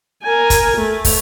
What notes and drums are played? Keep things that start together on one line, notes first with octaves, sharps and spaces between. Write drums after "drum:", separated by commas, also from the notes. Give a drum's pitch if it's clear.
A#4 G#5
drum: kick, hi-hat
A3
drum: kick, open hi-hat